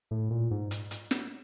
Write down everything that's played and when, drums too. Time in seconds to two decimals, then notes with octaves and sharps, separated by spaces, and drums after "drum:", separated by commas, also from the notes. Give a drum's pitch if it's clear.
0.11 A2
0.30 A#2
0.51 G#2
0.71 drum: hi-hat
0.91 drum: hi-hat
1.11 drum: snare